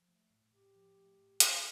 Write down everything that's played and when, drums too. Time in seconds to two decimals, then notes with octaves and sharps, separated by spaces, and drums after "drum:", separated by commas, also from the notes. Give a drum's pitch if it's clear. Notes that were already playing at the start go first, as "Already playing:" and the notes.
Already playing: F3
0.08 A3
0.30 A2
0.52 A2 G4
0.75 F3
0.97 A3
1.19 A2
1.40 A2, drum: hi-hat